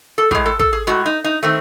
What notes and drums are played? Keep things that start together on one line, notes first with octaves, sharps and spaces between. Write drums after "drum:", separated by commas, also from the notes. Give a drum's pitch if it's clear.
A4
A2 G#3 G#4, drum: kick
A4
A4, drum: kick
G#4
A2 G#3 F#4
D#4
D#4
D#3 A3 C4